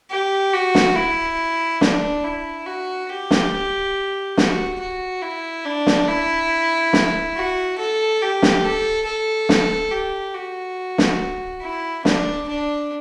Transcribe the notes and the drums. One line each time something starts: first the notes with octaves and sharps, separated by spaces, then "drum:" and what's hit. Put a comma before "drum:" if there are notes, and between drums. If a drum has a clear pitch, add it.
G4
F#4
drum: snare
E4
D4, drum: snare
E4
F#4
G4
drum: snare
F#4, drum: snare
F#4
E4
D4
drum: snare
E4
drum: snare
F#4
A4
G4
drum: snare
A4
A4
drum: snare
G4
F#4
drum: snare
E4
D4, drum: snare
D4